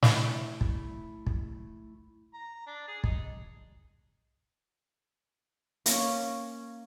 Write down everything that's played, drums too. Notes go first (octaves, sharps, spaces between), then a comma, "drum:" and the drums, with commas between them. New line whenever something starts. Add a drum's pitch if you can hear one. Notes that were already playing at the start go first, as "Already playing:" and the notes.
A3 E4 G5, drum: snare
drum: kick
drum: kick
A#5
D4
G#4
D#4, drum: kick
A#3 C#4, drum: hi-hat